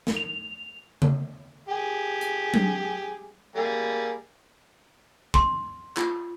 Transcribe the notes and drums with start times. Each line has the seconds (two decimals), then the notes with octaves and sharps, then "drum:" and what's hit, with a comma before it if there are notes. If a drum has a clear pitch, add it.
0.07 drum: snare
0.17 F7
1.02 drum: tom C#3
1.69 G4 G#4
2.21 drum: hi-hat
2.54 drum: tom F#3
3.56 G3 A#3 G#4
5.34 C6, drum: kick
5.97 F4, drum: clap